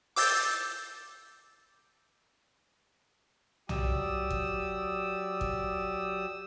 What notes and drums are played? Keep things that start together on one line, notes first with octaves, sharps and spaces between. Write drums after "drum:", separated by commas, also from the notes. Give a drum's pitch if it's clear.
D6 E6 G6 A6, drum: open hi-hat
F#3 G4 D5 D#6 E6, drum: tom B1
drum: kick
drum: kick